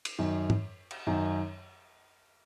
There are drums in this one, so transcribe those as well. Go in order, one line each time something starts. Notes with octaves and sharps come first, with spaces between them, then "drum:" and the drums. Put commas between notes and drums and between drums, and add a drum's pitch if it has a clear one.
drum: cymbal
F#2 D#3 F#3
drum: tom
drum: cymbal
F#2 D#3 F#3